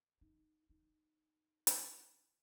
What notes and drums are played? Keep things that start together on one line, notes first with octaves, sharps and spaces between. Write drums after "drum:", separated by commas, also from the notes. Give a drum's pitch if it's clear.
D#4
D#4
drum: hi-hat